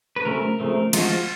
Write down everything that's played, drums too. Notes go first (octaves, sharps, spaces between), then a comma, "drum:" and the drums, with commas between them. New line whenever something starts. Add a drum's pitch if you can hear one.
B4
C#3 F#3 A3 C4 A#4
C#3 F3 A3 C4
F3 G#3 C4 F4, drum: cymbal
F#4
F4